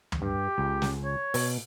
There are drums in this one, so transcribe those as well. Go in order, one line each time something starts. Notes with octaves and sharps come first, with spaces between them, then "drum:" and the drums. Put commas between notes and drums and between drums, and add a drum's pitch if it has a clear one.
drum: tom
G2 G4
C#2
drum: snare
C#5
B2, drum: open hi-hat